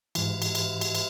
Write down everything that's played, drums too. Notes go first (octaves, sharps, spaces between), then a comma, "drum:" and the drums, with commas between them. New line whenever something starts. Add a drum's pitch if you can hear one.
G#2 E3, drum: cymbal
drum: cymbal
drum: cymbal
drum: cymbal
drum: cymbal